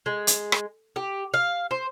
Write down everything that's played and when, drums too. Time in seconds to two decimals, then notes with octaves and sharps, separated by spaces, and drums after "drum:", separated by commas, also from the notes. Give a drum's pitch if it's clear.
0.06 G#3
0.27 drum: hi-hat
0.52 drum: rim click
0.96 G4
1.34 F5
1.71 C5